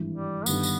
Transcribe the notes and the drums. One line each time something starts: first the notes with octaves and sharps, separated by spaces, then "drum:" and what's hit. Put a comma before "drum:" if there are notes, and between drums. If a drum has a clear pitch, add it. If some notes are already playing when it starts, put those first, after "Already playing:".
Already playing: G#1 G2 E3
G3
G1 G2 D#3 G3 B3, drum: tambourine
drum: tambourine